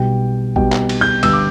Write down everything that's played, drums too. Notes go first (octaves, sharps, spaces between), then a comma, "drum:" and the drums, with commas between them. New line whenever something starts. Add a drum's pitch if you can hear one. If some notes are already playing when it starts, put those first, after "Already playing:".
Already playing: B1 B2 G3 G5
B1 B2 G3 G5, drum: kick
drum: clap
drum: cymbal
G6
G1 G2 G3 E6, drum: cymbal
D6